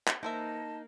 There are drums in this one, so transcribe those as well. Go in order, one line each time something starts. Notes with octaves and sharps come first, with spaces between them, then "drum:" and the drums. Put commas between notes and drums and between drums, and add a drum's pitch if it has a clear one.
drum: clap
E3 A#3 D#4 C5 E5 A5